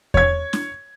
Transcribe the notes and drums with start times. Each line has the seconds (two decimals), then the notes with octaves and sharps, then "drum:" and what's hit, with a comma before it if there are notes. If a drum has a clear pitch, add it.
0.14 C#5 G#6, drum: kick E2
0.53 drum: snare